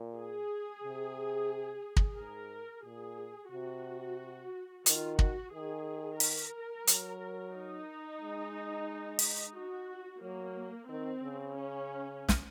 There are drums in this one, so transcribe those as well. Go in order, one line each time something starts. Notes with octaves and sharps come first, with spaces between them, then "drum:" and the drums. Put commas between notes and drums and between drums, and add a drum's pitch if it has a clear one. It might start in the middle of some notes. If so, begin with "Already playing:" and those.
Already playing: A#2
G#4
C3
drum: kick
G#2 A#4
A#2 G#4
C3 F#4
D#3 F4, drum: hi-hat
F#4, drum: kick
D#3 G#4
A#4, drum: open hi-hat
F#3, drum: hi-hat
D#4
G#3
drum: open hi-hat
F#4
F#3 A#3
D#3 C4
C#3
C#4
drum: snare